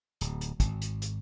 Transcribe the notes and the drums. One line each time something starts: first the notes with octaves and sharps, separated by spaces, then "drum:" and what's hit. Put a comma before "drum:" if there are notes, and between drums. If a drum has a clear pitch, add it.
D1, drum: hi-hat
drum: hi-hat
G#1, drum: kick, hi-hat
drum: hi-hat
drum: hi-hat